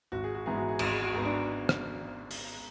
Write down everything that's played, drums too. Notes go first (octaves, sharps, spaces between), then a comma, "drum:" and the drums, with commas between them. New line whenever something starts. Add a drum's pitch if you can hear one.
G#1 F#4
G#4
F#4
G#2 E3 G#3 B3 G#4
F#4
G#4
G#1 F#4, drum: cymbal
G#4
F#4
G#2 G#3 B3 G#4
D4 F#4
drum: rim click
drum: open hi-hat